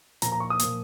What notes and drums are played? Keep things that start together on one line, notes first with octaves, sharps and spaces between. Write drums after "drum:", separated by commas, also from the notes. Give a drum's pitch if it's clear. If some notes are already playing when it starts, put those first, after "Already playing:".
A#2 F3 A#3 A#5, drum: hi-hat
A#5
C#6
D#6
A#2 F3 A#3, drum: hi-hat